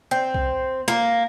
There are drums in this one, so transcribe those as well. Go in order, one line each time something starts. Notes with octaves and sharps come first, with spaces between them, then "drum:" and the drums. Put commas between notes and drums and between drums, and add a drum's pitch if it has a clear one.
C4
drum: kick C2
A#3, drum: snare